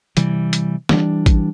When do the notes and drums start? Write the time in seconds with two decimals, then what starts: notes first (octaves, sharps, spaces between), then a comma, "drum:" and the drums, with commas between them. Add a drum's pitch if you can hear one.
0.17 C3 E3 G3, drum: hi-hat
0.53 drum: hi-hat
0.89 E3 G3 D4, drum: snare
1.26 drum: kick, hi-hat